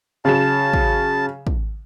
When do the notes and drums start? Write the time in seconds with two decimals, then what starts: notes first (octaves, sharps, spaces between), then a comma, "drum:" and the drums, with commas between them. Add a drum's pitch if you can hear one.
0.25 C#3 F#3 A5 E7
0.73 drum: kick
1.47 drum: kick